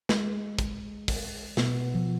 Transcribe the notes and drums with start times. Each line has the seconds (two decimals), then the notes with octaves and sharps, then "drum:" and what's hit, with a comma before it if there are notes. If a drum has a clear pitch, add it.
0.09 G#3, drum: snare
0.59 drum: kick, hi-hat
1.08 drum: kick, open hi-hat
1.57 B2 B3, drum: snare
1.95 F3